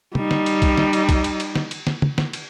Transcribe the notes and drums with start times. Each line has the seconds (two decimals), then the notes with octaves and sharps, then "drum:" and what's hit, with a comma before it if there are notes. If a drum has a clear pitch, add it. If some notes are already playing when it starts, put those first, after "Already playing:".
0.15 G3 D#4, drum: tom
0.31 drum: snare
0.46 drum: cymbal
0.62 drum: kick, cymbal
0.78 drum: snare
0.93 drum: cymbal
1.09 drum: kick, cymbal
1.24 drum: cymbal
1.40 drum: cymbal
1.55 drum: snare
1.71 drum: cymbal
1.87 drum: snare
2.02 drum: tom
2.18 drum: snare
2.33 drum: cymbal